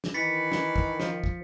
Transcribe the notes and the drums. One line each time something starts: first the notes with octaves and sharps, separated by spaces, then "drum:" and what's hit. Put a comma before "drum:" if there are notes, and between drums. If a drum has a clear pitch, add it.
drum: snare
D#3 E3 A6 B6 C#7
drum: snare
drum: kick
F3, drum: snare
drum: kick